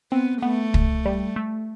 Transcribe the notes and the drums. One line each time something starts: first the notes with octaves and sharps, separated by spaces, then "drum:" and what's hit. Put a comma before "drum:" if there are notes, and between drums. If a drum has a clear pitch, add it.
B3 C4
A3 B3
drum: kick
G3
A3